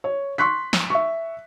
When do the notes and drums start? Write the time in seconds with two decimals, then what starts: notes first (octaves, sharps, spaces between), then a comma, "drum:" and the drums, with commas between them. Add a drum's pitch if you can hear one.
0.04 C#5
0.38 C6 C#6 F#6 B6
0.73 drum: snare
0.90 E5 C#6